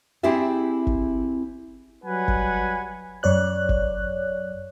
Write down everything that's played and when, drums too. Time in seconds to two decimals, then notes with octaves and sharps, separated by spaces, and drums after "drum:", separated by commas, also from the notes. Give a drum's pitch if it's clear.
0.23 C4 E4 G4 G#4 D5 E5
0.87 drum: kick
2.04 F#3 G3 B4 F#5 G#5
2.28 drum: kick
3.23 F#2 C#5 D5 F#6
3.69 drum: kick